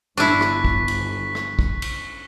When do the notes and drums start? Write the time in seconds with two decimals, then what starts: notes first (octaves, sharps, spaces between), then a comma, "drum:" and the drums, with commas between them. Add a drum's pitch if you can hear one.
0.17 G1 D4 E4 C#6 F#6 B6
0.41 drum: rim click
0.65 drum: kick
0.88 drum: cymbal
1.35 drum: rim click
1.59 drum: kick
1.82 drum: cymbal